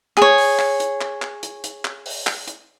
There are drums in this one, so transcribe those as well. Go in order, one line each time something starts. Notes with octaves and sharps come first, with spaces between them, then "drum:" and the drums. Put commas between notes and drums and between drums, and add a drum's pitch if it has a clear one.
G#4 C#5, drum: clap
drum: open hi-hat
drum: clap
drum: hi-hat
drum: clap
drum: clap
drum: hi-hat
drum: hi-hat
drum: clap
drum: open hi-hat
drum: clap
drum: hi-hat